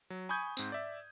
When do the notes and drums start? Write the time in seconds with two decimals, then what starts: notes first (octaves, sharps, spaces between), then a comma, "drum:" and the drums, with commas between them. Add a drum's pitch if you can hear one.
0.10 F#3
0.29 G#5 B5 C#6 D#6 G6 G#6
0.57 G#2 C4, drum: tambourine
0.72 D5 E5